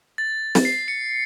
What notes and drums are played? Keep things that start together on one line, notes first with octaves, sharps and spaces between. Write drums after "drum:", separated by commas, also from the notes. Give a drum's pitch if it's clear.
A6
drum: snare
C7
C#7